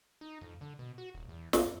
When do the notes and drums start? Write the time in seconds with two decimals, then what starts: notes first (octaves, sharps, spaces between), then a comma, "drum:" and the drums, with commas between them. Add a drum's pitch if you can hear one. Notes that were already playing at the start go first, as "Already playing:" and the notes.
0.21 D#4
0.41 F2
0.61 D3
0.79 B2
0.98 F#4
1.14 D#1
1.28 E2
1.53 A1, drum: snare
1.65 F2